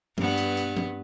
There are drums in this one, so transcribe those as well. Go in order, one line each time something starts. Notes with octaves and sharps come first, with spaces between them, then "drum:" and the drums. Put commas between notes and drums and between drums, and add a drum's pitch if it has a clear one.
G2 B3, drum: tom
drum: hi-hat
drum: hi-hat
drum: tom